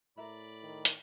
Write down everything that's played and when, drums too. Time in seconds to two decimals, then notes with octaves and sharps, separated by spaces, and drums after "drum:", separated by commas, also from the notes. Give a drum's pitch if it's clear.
0.18 A2 A4 A#4 D5 E5 B5
0.63 D#3
0.85 drum: hi-hat